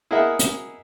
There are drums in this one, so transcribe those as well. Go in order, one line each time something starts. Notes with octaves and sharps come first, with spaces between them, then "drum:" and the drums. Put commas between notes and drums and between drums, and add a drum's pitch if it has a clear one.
E4 G#4 A#4 D#5 E5 F#5
drum: hi-hat